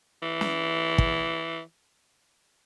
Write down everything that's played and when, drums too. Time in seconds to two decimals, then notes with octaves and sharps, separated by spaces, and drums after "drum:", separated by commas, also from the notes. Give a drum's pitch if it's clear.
0.22 E3
0.41 drum: snare
0.98 drum: kick